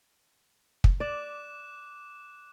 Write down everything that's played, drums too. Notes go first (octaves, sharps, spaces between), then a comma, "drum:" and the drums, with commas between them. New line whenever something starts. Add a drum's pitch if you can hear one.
drum: kick
D5 D6 F#6 E7